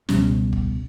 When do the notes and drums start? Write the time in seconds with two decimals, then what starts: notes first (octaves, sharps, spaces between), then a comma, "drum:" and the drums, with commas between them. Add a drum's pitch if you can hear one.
0.09 C#2 B2 G3 C#4, drum: snare
0.53 drum: kick